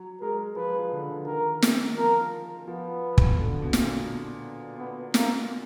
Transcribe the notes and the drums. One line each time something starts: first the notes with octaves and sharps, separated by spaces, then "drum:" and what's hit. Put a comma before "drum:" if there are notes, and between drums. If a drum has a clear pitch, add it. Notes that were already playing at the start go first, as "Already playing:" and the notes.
Already playing: F#3
G#3 A#4
F3 B4
F3
D3
D3
D#3 A#4
drum: snare
F3 A#4
F3 B3
drum: kick
B2
D3
B2
A#2, drum: snare
B3
A#3, drum: snare